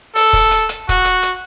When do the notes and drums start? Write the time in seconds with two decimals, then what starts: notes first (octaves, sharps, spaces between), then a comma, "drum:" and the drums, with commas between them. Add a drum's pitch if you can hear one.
0.15 A4, drum: open hi-hat
0.33 drum: kick, open hi-hat
0.51 drum: hi-hat
0.69 drum: hi-hat
0.89 F#4, drum: kick, hi-hat
1.05 drum: hi-hat
1.23 drum: hi-hat